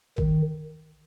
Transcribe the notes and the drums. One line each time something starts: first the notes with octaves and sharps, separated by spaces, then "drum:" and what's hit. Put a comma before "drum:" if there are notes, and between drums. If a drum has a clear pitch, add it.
D#3, drum: kick